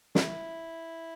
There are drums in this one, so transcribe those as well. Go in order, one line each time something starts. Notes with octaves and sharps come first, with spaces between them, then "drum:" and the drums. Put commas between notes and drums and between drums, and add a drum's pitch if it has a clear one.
D4, drum: snare
E4